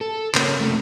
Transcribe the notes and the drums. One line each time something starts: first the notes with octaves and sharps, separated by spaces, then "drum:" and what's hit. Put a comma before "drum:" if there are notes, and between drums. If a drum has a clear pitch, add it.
A4
C#3 A#3 C#4, drum: clap
C3 A3